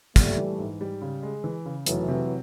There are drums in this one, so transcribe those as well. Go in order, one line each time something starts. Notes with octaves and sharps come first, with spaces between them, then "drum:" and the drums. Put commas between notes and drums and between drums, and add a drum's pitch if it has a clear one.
A#1 G3 A3, drum: kick, hi-hat
E3
G#2
G3
C#3
G#3
E3
C#3
F1 E3 F#3, drum: hi-hat
C3